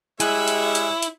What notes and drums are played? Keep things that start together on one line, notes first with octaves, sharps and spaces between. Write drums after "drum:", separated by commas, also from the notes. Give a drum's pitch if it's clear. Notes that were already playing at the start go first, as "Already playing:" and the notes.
G3 G#3 E4 C#5 E5 G#5 F#6, drum: hi-hat
drum: hi-hat
drum: hi-hat
drum: hi-hat